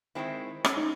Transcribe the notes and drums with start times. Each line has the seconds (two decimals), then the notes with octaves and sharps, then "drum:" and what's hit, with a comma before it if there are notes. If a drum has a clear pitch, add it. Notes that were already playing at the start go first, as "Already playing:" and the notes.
0.15 D#3 G#3 C4 E4
0.64 C#4, drum: rim click
0.77 D#4